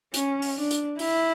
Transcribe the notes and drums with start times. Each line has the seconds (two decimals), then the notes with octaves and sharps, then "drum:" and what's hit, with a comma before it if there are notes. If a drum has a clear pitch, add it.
0.14 C#4, drum: hi-hat
0.42 drum: open hi-hat
0.56 D4
0.71 drum: hi-hat
0.99 E4, drum: open hi-hat